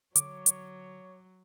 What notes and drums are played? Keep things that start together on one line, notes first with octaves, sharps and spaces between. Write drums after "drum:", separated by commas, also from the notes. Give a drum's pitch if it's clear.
D3 F#3 C#5 D6, drum: hi-hat
drum: hi-hat